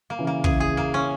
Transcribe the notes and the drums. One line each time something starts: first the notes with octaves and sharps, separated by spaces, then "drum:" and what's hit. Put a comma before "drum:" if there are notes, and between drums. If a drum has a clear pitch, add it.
A#3
C#3 E3
A#3
C#3 E3 G#4, drum: kick
G#4
A#3
C#4